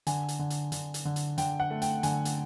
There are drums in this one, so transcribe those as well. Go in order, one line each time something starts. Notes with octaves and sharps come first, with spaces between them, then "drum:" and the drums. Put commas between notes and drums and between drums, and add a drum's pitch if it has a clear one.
D3 G#5, drum: hi-hat
drum: hi-hat
D3
drum: hi-hat
D3, drum: hi-hat
drum: hi-hat
D3
drum: hi-hat
D3 G5, drum: hi-hat
F#5
A3
G5, drum: hi-hat
D3 G#5, drum: hi-hat
drum: hi-hat